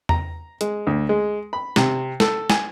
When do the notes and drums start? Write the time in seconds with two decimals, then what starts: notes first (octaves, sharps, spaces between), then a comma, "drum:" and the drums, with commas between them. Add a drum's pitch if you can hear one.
0.09 A#5, drum: tom E2
0.61 G#3, drum: hi-hat
0.87 D2
1.09 G#3
1.53 B5
1.76 C3, drum: snare
2.20 A4, drum: snare
2.50 G#5, drum: snare